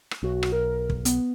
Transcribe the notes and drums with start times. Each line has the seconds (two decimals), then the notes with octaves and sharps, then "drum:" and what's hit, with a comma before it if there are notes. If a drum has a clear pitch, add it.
0.11 drum: rim click
0.23 B1 F#4
0.43 drum: rim click
0.52 A#4
0.90 drum: kick
1.05 B3, drum: hi-hat